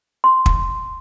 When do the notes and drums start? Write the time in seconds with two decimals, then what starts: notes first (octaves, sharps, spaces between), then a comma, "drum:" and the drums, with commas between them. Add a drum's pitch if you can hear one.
0.24 C6
0.46 drum: kick